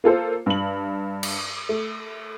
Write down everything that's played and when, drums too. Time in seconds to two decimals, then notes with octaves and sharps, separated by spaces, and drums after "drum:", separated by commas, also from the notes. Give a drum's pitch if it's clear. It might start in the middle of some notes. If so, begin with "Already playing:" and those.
0.04 A#3 F4 A4 C5
0.46 G2 F#7
1.23 drum: cymbal
1.69 A3